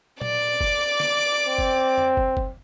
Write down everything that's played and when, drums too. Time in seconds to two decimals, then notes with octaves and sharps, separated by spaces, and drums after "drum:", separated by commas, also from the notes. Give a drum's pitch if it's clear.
0.21 D5 D6, drum: tom A#2
0.61 drum: kick
1.00 drum: snare
1.47 C4
1.58 drum: kick
1.98 drum: tom E2
2.17 drum: kick
2.37 drum: kick